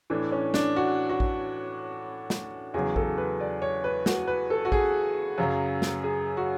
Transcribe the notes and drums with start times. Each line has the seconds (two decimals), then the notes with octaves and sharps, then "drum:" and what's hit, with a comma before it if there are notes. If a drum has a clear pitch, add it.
0.10 A2 E3 D4
0.32 C#4
0.54 D4, drum: snare
0.76 F#4
1.09 F#4
1.20 drum: kick A1
2.30 drum: snare
2.74 E2 C#3 F#3 G#4
2.96 A4, drum: kick A1
3.18 B4
3.40 D5
3.62 C#5
3.84 B4
4.06 F#4, drum: snare
4.27 B4
4.50 A4
4.65 F#4
4.72 G#4, drum: kick A1
5.38 F#2 C#3 F#3
5.82 drum: snare
6.04 G#4
6.37 F#4